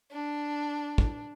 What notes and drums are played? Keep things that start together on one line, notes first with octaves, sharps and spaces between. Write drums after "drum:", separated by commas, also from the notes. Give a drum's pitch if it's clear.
D4
drum: kick